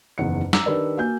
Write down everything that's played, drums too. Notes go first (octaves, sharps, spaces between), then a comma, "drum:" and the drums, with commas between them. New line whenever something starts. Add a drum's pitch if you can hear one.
F#1 E2 D#3 F#5 C#7
A#5 D6 E6, drum: snare
D#3 D4 G4 A#4 B4 D5
A#3 F#4 G#5 G6